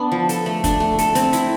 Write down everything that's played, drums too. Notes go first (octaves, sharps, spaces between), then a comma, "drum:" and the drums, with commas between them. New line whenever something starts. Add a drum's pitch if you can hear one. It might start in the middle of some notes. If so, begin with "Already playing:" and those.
Already playing: B3 D4
F3
A4, drum: hi-hat
A3
D4, drum: kick, hi-hat
A3
A4, drum: hi-hat
C4, drum: hi-hat
E4, drum: hi-hat